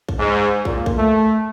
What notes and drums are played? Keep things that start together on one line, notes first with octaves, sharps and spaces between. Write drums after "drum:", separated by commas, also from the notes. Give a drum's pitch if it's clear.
drum: kick
G#2
A#2, drum: kick
drum: kick
A3